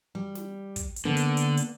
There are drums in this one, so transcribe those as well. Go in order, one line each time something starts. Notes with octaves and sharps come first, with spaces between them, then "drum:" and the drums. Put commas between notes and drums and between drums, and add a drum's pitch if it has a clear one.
G3
drum: snare
drum: kick, hi-hat
drum: hi-hat
D3 A#3 B3
drum: hi-hat
drum: hi-hat
drum: hi-hat